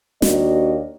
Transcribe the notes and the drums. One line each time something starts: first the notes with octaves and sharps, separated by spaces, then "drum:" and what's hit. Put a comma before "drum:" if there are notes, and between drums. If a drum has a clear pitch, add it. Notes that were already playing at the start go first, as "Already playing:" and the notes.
D#2 A#3 D4 F#4 D#5, drum: snare